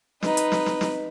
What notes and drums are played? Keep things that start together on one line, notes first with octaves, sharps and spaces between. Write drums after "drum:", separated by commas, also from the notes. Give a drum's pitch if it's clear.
D#4 B4, drum: snare
drum: hi-hat
drum: snare
drum: snare
drum: snare